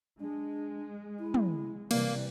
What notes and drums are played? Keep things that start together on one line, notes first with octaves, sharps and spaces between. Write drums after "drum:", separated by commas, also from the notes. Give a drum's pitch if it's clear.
G#3 D4
E4
drum: tom
C3 E3 G3 A#3 D5, drum: cymbal